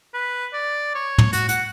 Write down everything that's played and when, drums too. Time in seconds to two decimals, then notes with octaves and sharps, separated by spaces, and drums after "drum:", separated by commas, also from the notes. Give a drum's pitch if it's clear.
0.14 B4
0.53 D5
0.95 C#5
1.18 drum: tom
1.33 F#4, drum: hi-hat
1.49 F#5, drum: hi-hat